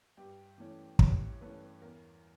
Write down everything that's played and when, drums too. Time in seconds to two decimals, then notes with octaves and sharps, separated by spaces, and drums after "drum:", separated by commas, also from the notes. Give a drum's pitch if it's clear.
0.17 G2 G4
0.58 E3 A3 C#4
0.99 G2 C#5, drum: kick
1.41 E3 A3 C#4 B4
1.82 E2 A#4